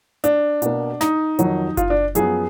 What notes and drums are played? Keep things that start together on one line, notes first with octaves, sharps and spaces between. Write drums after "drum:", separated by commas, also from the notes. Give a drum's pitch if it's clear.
D4, drum: hi-hat
B2 A#3, drum: hi-hat
D#4, drum: snare
F2 D#3 F#3, drum: hi-hat
F4, drum: kick F#1, hi-hat
D4
F#2 F3 B3 G#4, drum: hi-hat